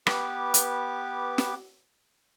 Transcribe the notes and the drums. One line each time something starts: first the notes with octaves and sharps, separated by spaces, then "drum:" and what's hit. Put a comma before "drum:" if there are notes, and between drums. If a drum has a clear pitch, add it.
B3 G4 B4 D6, drum: rim click
drum: hi-hat
drum: snare